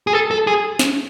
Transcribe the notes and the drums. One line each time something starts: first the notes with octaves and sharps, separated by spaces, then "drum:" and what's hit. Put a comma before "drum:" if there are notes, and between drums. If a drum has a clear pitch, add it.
G#4
A4
A4
G#4
drum: snare